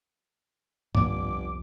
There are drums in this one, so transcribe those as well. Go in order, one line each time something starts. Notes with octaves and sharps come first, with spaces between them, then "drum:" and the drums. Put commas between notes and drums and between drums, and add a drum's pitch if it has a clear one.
G1 C2 F2 D6, drum: tom G2